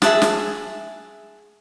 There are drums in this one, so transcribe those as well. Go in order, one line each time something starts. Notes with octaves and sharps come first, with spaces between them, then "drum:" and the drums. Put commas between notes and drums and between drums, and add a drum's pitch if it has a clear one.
G#4 E5 F#5 A5, drum: snare
drum: snare